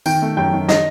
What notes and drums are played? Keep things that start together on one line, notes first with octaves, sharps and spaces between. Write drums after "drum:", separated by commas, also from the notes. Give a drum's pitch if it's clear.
D#3 G5, drum: tambourine
A3
F#2 G5
D#3
D#5, drum: snare